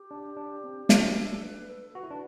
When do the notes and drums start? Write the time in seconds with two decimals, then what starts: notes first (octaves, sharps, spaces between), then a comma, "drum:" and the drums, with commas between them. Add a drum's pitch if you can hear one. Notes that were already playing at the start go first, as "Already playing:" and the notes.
Already playing: G4
0.11 D4
0.37 D4
0.64 C4
0.89 D4, drum: snare
1.17 A4
1.42 B4
1.69 A4
1.95 F#4 B4
2.03 E4
2.11 D4